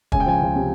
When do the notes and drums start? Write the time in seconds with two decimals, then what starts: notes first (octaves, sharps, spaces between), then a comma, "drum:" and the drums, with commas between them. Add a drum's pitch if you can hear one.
0.12 C#2 G#5, drum: kick
0.20 G5
0.26 F3 G#5
0.42 C#2
0.55 C3